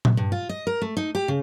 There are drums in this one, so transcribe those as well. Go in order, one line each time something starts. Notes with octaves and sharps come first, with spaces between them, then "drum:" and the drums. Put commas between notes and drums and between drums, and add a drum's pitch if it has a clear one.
drum: tom A#2
G2
F4
D#5
A#4
A3
D#4
G4
C#3